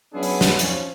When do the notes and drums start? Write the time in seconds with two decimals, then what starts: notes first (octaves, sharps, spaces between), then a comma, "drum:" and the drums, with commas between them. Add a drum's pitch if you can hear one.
0.14 F#3 B3 C#4 D4 E4 G#4
0.23 drum: open hi-hat
0.41 drum: snare
0.59 F3 C#4, drum: hi-hat